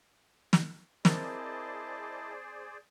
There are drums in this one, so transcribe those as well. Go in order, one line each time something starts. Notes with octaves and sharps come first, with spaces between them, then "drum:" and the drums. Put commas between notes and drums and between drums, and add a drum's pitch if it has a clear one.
drum: snare
C4 E4 G#4 A#4 C5 D5 D#5 A5, drum: snare